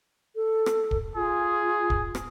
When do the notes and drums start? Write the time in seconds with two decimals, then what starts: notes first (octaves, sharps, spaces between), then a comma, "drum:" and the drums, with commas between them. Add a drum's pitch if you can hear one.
0.36 A4
0.66 drum: rim click
0.91 drum: kick
1.16 F4 G#4
1.90 drum: kick
2.15 drum: rim click